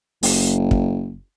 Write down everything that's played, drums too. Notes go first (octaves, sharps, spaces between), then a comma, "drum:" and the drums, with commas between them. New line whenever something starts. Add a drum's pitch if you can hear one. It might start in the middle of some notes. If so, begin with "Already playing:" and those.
F#1, drum: open hi-hat
drum: kick